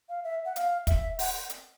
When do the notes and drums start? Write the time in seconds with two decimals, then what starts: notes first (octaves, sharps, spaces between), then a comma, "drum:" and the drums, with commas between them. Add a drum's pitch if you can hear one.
0.09 F5
0.24 E5
0.45 F#5
0.56 F5, drum: hi-hat
0.87 E5, drum: kick, hi-hat
1.19 F#5, drum: open hi-hat
1.50 drum: hi-hat